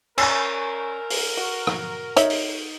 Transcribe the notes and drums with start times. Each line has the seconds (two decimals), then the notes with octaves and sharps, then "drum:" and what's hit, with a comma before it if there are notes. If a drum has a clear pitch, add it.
0.18 C#4 A#4 G#5 E6, drum: cymbal
1.10 drum: open hi-hat
1.37 F#4
1.67 drum: rim click
2.16 D#4 C#5 E5, drum: hi-hat
2.30 drum: open hi-hat